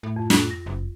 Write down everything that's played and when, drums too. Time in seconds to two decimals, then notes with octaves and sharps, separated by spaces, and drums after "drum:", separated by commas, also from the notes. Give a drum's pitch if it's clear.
0.03 A2
0.16 F2
0.30 F#6, drum: snare
0.51 A#6
0.66 F#1